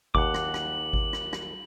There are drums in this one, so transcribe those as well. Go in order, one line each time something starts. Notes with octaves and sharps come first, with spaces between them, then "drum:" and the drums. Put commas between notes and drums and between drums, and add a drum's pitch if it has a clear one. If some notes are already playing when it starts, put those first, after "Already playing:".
D#2 F#5 D6 F#7, drum: kick G#1
drum: rim click
drum: rim click
drum: kick G#1
drum: rim click
drum: rim click